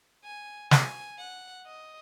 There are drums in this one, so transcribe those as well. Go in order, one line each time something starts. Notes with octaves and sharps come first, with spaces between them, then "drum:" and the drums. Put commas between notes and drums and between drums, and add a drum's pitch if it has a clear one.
G#5
G#5, drum: snare
F#5
D#5